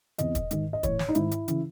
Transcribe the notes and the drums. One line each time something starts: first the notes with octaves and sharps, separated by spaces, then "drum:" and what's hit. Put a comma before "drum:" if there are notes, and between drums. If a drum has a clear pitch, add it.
E2 C3 E3 D#5, drum: hi-hat
drum: kick, hi-hat
G#2 D#3, drum: hi-hat
D#5
A2 E3 C#5, drum: kick, hi-hat
drum: snare
D#4
G#2 D#3 E4, drum: hi-hat
drum: hi-hat
C#3 E3, drum: hi-hat